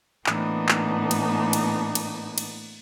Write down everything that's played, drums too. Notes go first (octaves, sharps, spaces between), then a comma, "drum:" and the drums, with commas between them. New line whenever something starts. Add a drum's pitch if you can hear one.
A2 E3 A#3 B3 D4 D#4, drum: clap
drum: clap
drum: cymbal
drum: cymbal
drum: cymbal
drum: cymbal